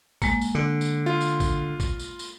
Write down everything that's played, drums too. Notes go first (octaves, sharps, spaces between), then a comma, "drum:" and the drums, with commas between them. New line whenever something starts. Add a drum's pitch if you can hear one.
G#3 A#3, drum: kick A1, tambourine
drum: tambourine
D3
drum: tambourine
F4
drum: tambourine
drum: kick A1, tambourine
drum: kick A1, tambourine
drum: tambourine
drum: tambourine